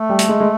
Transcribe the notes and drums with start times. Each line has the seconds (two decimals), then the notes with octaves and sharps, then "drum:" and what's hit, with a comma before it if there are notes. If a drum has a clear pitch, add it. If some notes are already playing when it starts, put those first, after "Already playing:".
Already playing: A3
0.10 G3
0.19 drum: hi-hat
0.29 G#3
0.40 G#3